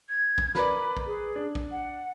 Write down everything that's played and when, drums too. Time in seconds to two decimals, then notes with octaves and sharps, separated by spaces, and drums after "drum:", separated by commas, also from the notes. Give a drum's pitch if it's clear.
0.09 G#6
0.38 drum: kick A#1
0.55 A#4 B4 D5 B5, drum: snare
0.97 drum: kick A#1
1.06 G#4
1.36 D4
1.55 drum: kick A#1
1.72 F#5